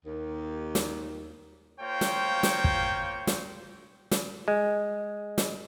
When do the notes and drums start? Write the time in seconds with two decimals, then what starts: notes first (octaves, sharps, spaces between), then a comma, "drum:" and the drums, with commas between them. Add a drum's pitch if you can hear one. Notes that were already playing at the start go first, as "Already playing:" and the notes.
0.05 D#2
0.75 drum: snare
1.80 A#3 F4 C5 C#5 G5
2.01 drum: snare
2.43 drum: snare
2.64 drum: kick
3.27 drum: snare
4.11 drum: snare
4.48 G#3
5.38 drum: snare